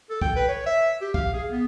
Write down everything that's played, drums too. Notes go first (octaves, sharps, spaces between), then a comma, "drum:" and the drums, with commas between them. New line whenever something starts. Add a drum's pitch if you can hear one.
A4
G5, drum: kick
B4
C#5
E5
G4
F5, drum: kick
G#4
B3